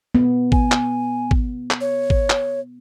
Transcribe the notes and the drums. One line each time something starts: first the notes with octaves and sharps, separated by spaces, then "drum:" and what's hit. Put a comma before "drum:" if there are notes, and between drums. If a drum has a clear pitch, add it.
B3
G#5, drum: kick
drum: clap
drum: kick
drum: clap
C#5
drum: kick
drum: clap